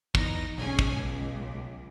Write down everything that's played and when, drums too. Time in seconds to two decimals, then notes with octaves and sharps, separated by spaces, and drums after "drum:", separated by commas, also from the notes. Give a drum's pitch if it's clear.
0.15 E2 D#4 A#6, drum: kick
0.58 B1 C#4 G#4 G#5
0.79 drum: kick
0.95 C#2